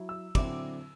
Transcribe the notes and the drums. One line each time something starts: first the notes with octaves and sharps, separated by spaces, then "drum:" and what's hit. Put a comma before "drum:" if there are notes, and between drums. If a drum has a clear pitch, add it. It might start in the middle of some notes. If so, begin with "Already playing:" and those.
Already playing: F#3 E4
E6
D3 F#3 C4 E4 D6, drum: kick, cymbal